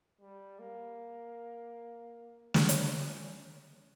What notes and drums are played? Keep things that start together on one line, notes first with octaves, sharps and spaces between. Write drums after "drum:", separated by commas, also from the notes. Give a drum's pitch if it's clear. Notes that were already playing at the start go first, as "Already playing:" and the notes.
G3
A#3
C4, drum: snare
drum: hi-hat
C#4